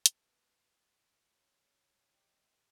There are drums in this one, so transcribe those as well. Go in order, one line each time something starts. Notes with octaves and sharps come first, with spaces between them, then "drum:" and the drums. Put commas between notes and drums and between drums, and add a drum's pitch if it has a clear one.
B2 A3, drum: hi-hat
C#3 C#5 G#5
G4 D#5 G5 A#5 C6